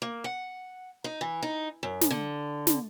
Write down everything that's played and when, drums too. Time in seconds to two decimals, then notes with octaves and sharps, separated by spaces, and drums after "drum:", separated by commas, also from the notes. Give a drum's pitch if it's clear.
0.02 A#3
0.24 F#5
1.04 D#4
1.21 E3
1.43 D#4
1.83 F#2
2.01 drum: snare
2.11 D3
2.67 drum: snare